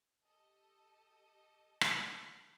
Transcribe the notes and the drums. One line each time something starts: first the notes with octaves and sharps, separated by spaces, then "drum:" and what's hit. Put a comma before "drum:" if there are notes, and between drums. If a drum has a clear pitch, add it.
G4 A4 D#5
drum: rim click